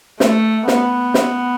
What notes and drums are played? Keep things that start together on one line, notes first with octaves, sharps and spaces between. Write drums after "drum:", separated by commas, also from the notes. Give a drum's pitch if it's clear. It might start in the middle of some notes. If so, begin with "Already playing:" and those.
A3, drum: snare
B3, drum: snare
drum: snare